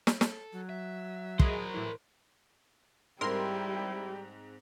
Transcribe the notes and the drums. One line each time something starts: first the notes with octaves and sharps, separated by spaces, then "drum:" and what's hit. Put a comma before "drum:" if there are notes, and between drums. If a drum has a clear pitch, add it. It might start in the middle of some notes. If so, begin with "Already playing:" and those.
drum: snare
A4 A5, drum: snare
F#3
E5
G#4 A#4 C5 D#5, drum: kick
A2 E3
G#2 G3 C4 E4 G4 A#4 C6